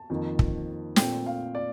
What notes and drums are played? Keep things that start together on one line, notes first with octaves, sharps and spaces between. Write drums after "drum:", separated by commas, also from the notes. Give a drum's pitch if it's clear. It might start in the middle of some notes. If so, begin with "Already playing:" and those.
Already playing: A5
F2 D#3 A#3
drum: kick
A#2 A3 C4 G5, drum: snare
F5
D5